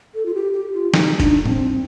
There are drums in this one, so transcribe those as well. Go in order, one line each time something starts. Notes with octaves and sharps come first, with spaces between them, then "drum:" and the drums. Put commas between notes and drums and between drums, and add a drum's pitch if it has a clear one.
A4
F4
G4
G4
F4
D#4, drum: snare
D4, drum: kick, hi-hat
C4, drum: tom